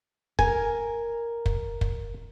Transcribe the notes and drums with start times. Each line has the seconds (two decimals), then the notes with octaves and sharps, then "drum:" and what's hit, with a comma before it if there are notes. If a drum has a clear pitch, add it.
0.39 A#4 G#5, drum: kick
1.46 drum: kick
1.81 drum: kick